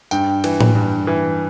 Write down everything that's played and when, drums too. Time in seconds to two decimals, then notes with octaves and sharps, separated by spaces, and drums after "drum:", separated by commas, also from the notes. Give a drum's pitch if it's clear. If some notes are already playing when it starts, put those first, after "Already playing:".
0.11 G2 G5, drum: tambourine
0.44 E3, drum: cymbal
0.61 drum: tom A2
0.75 G2
1.07 E3